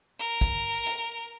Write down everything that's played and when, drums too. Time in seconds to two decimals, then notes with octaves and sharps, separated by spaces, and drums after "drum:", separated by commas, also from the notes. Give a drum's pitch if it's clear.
0.19 A#4
0.41 drum: kick, hi-hat
0.86 drum: hi-hat